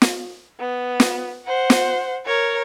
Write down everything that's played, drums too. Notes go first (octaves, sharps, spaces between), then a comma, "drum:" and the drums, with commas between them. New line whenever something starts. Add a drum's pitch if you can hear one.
drum: snare
B3
drum: snare
C5 F#5
drum: snare
A#4 C#5